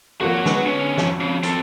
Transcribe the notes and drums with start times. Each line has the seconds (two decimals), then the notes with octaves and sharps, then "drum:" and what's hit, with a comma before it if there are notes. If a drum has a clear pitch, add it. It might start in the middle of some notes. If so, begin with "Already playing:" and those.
0.21 G#1 F3 A#3 F#4 C#5
0.46 D3 G#3 B3, drum: snare
0.65 B1 C#4
0.98 G#1 F2, drum: snare
1.20 C#3
1.43 C4 A4, drum: hi-hat